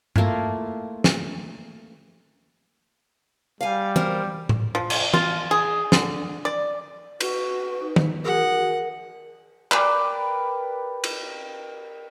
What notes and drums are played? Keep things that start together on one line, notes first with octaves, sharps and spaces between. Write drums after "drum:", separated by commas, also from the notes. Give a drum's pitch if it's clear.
A3 A#3 E4 F4, drum: tom G2
drum: snare
G3 F5 G#5
A#4 C5, drum: tom
drum: tom A2
F3
drum: cymbal
F4, drum: tom
G#4
D3, drum: snare
D5
F#4 B4, drum: cymbal
D#4
drum: tom D#3
F#4 G#4 A#4 F#5
G4 A#4 B4 D5, drum: clap
drum: cymbal